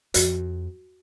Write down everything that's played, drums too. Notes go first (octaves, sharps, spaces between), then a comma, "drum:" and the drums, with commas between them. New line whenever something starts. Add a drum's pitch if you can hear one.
F2 F#4, drum: hi-hat